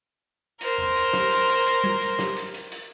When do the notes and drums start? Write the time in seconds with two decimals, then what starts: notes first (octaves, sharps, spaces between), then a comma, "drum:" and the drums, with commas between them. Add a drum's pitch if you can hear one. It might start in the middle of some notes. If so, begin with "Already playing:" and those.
0.61 A#4 C5, drum: hi-hat
0.78 drum: tom E2
0.96 drum: hi-hat
1.13 drum: snare
1.31 drum: hi-hat
1.49 drum: hi-hat
1.66 drum: hi-hat
1.84 drum: tom G3
2.01 drum: hi-hat
2.19 drum: snare
2.36 drum: hi-hat
2.54 drum: hi-hat
2.72 drum: hi-hat